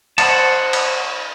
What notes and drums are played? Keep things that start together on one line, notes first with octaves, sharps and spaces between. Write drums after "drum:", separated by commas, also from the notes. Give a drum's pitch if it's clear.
C5 F#5 A5, drum: cymbal
drum: cymbal